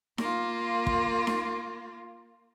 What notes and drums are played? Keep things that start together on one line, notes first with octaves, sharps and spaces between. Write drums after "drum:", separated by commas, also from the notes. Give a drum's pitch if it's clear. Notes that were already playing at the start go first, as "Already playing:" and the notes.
A#3 F4, drum: snare D#4
drum: kick
drum: snare D#4